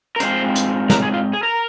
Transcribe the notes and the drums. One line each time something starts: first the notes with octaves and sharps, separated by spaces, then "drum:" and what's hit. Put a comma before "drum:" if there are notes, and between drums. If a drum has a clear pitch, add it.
A#4
G#2 G#3 C4 F4 C5, drum: hi-hat
drum: hi-hat
A#4, drum: snare
G#4
F4
G#4
A#4